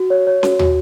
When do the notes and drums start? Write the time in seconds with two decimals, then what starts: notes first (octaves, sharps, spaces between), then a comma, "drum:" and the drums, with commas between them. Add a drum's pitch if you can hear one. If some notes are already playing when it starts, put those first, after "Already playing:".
Already playing: F#4
0.10 C#5
0.27 C#5
0.43 F#4, drum: snare C#4
0.59 F#4, drum: tom